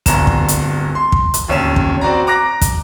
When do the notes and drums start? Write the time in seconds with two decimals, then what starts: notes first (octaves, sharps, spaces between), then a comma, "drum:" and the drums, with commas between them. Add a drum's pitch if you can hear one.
0.06 D1 G1 A#5 E7, drum: kick, hi-hat
0.27 drum: kick
0.48 drum: hi-hat
0.95 C6
1.12 drum: kick
1.34 drum: hi-hat
1.48 D1 D#2 C#4 E7
1.76 drum: kick
2.01 C4 F#4 D5 A#5
2.27 A#5 D6 F#6 A#6
2.61 drum: kick, hi-hat